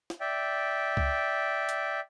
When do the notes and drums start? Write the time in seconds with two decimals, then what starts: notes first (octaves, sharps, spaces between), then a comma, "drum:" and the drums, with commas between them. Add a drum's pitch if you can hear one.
0.10 drum: snare
0.21 D5 E5 G5
0.97 drum: kick C#2
1.69 drum: hi-hat